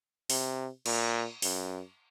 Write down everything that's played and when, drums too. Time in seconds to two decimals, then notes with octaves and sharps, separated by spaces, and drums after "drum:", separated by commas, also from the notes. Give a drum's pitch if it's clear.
0.30 C3, drum: open hi-hat
0.86 A#2, drum: cymbal
1.42 F#2, drum: open hi-hat